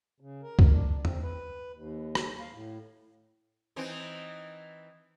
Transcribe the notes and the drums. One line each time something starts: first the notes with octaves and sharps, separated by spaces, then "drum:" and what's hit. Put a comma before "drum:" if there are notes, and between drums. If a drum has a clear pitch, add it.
C#3
A#4
drum: kick C#2
D4
C4, drum: tom E2
B4
D#2
drum: rim click
F5
A2
E3 C4 D#4